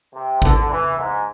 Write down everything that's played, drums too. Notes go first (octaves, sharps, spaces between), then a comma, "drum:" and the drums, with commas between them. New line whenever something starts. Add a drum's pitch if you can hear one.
C3
D3, drum: kick G#1
E3
G#2